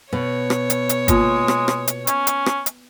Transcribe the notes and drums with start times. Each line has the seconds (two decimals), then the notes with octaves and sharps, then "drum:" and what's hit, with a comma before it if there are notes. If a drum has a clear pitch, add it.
0.13 B2 C#5
0.50 drum: rim click
0.70 drum: hi-hat
0.89 drum: hi-hat
1.08 G#3 A#3 F4, drum: kick, hi-hat
1.48 drum: rim click
1.68 drum: rim click
1.87 drum: hi-hat
2.07 C#4, drum: hi-hat
2.27 drum: hi-hat
2.46 drum: rim click
2.66 drum: hi-hat